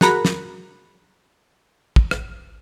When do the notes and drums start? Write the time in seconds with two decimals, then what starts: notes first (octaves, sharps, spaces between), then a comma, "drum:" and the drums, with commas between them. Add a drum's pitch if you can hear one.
0.01 F#4 G#4 A#4 A#5 B5 F#6, drum: snare
0.25 drum: snare
1.96 drum: kick
2.11 drum: rim click